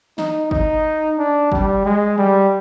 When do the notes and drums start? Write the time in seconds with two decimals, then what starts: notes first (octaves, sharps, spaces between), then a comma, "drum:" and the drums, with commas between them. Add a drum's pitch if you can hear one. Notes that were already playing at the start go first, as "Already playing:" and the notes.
0.18 D#4, drum: snare
0.51 D#4, drum: kick G1
1.18 D4
1.52 G3, drum: kick G1
1.85 G#3
2.18 G3